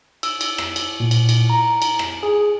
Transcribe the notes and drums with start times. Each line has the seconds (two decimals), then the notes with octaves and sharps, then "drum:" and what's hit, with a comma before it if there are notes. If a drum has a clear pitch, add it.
0.23 E6, drum: cymbal
0.41 drum: cymbal
0.58 drum: rim click
0.76 drum: cymbal
1.00 A#2
1.11 drum: cymbal
1.29 drum: cymbal
1.50 A#5
1.82 drum: cymbal
1.99 drum: rim click
2.23 G#4